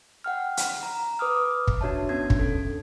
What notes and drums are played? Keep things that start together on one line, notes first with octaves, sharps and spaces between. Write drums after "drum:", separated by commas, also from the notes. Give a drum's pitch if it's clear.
F#5 G5 F6
drum: hi-hat
A#5
B4 D6 D#6 F6
drum: kick
D4 F#4 C#5 E5 A5
B3 C#4 D4 G#6
drum: kick
A4